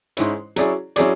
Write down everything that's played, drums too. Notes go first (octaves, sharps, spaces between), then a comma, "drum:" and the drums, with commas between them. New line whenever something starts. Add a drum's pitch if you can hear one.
G#2 G#3 C#4 E4, drum: hi-hat
F#3 C#4 E4 G#4 D5, drum: hi-hat
F#3 C#4 E4 G#4 D5, drum: hi-hat